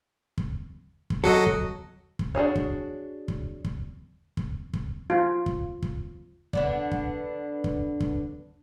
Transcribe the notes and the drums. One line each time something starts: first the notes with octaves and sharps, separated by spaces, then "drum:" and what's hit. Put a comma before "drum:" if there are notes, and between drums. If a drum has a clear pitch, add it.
drum: kick
drum: kick
F#3 F#4 A4 D#5
drum: kick
drum: kick
D4 F#4 G#4 C#5
drum: kick
drum: kick
drum: kick
drum: kick
drum: kick
F4
drum: kick
drum: kick
D3 B3 D4, drum: kick
drum: kick
drum: kick
drum: kick